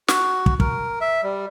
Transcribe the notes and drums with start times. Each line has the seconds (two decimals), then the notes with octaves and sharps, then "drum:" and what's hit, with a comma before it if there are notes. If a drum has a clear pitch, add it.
0.08 F#4, drum: snare
0.46 drum: kick
0.60 A#4, drum: kick
1.01 E5
1.23 G3